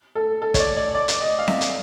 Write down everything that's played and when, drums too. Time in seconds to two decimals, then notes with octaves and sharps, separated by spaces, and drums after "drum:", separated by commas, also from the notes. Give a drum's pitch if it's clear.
0.15 A4
0.42 A4
0.54 C#5, drum: kick, hi-hat
0.60 D5
0.77 D5
0.95 D5
1.08 drum: hi-hat
1.21 D#5
1.39 F5
1.48 E5, drum: snare C4
1.61 drum: hi-hat